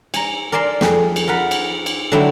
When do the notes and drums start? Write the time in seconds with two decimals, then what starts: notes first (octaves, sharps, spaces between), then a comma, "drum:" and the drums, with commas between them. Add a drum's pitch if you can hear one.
0.14 G#5 A#5, drum: cymbal
0.52 A#4 D5 G#5 A5 C6
0.81 F2 G#4, drum: snare
1.16 drum: cymbal
1.28 F4 A#4 F#5 B5
1.51 drum: cymbal
1.86 drum: cymbal
2.12 D3 F#3 A3 E4 C#5 G5